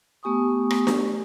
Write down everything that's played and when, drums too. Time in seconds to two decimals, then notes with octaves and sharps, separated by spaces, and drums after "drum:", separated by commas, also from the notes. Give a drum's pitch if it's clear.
0.23 A3 B3 G4 G#5 C#6 D#6
0.71 drum: rim click
0.87 drum: snare D4